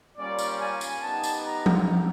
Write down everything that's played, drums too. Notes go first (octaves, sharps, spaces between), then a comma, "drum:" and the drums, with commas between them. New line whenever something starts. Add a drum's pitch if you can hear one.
G3 A#3 C#4 F4 D5
drum: tambourine
G#5
drum: tambourine
B3 D#4 G4 A5
drum: tambourine
A#5
drum: tom F3